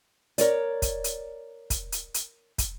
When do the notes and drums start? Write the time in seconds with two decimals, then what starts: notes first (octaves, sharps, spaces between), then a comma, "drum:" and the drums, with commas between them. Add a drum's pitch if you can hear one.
0.38 A#4 C#5 D5, drum: hi-hat
0.82 drum: kick, hi-hat
1.04 drum: hi-hat
1.70 drum: kick, hi-hat
1.92 drum: hi-hat
2.14 drum: hi-hat
2.58 drum: kick, hi-hat